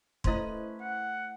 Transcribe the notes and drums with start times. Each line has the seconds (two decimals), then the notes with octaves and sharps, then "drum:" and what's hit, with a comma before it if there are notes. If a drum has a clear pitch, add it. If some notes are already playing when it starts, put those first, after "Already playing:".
0.24 A3 C#4 E4 B4 C5 D#5 C6, drum: kick
0.81 F#5